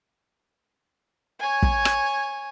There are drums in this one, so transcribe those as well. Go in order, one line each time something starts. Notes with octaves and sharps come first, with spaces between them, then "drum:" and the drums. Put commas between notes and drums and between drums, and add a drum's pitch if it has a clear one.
C#5 G#5
drum: kick
drum: rim click